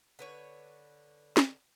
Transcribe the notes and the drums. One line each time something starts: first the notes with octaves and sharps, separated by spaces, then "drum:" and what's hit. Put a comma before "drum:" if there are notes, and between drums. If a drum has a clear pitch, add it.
D3 B4 C#5
drum: snare